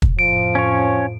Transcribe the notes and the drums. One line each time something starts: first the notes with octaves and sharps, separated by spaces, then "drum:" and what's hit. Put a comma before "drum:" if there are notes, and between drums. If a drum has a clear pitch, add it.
drum: kick
F2 A2 F3 D7
C#4 C#5